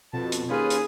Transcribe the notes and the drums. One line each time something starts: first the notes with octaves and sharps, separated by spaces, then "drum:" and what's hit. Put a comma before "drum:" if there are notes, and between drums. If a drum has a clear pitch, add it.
F2 B2 A5
drum: hi-hat
D#2 C#4 F4 G#4 B4
drum: hi-hat